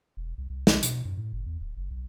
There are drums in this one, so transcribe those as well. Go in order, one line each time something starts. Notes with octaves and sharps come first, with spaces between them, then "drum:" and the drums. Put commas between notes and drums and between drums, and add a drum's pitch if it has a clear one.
E1
C2
C2
B1, drum: snare
B2, drum: hi-hat
F#2
A2
F#1
E2
D1
F#1
B1